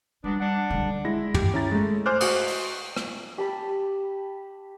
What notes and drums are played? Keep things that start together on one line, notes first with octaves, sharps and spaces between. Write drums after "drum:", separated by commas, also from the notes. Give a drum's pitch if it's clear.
F#3 G3 B3 D4
D4 F#5
D3 G3
G#3 E4 A#6
G4, drum: tom
C#4 E4 A#5 A6
G#3 A3
C5 G#5 D6 F6 F#6
F#4 C5 D#6, drum: cymbal
drum: open hi-hat
drum: rim click
G4 A5 B5